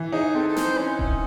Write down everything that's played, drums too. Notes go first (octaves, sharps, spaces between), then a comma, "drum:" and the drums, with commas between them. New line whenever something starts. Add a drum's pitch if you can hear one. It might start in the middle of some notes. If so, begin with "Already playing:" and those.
Already playing: E3
D#4 G#4
C4 A4
A4
C5, drum: snare
C#4
C#4, drum: kick D#1